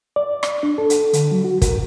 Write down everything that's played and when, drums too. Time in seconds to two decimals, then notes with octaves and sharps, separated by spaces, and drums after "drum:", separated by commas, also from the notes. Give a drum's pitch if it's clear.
0.16 D5
0.43 drum: rim click
0.63 D4
0.78 A4
0.90 drum: hi-hat
1.13 D3, drum: hi-hat
1.32 F#3
1.44 F#4
1.62 A#4, drum: kick, hi-hat